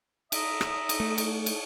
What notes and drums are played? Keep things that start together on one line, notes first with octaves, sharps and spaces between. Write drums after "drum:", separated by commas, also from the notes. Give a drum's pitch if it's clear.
E5 A#5 D#6, drum: cymbal
drum: rim click
drum: cymbal
A3
drum: cymbal
drum: cymbal